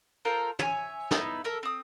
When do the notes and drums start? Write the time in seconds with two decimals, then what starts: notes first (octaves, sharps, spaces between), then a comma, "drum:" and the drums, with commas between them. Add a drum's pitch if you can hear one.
0.25 F4 A4 A#4 C5
0.59 C#5 E5 G#5, drum: tom
1.11 B3 D#4 E4, drum: snare
1.44 A4 A#4 E5
1.63 C4 D#6